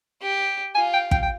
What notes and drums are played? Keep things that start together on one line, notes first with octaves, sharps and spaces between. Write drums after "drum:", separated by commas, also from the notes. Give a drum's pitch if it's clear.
G4
F4 G#5
G5
G5, drum: kick
G5